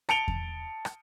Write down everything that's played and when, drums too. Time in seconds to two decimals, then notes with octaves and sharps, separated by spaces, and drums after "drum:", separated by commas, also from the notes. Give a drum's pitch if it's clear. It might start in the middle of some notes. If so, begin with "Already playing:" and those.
0.09 A5 C#7 D7 F7 G7, drum: rim click
0.28 drum: kick E2
0.85 drum: rim click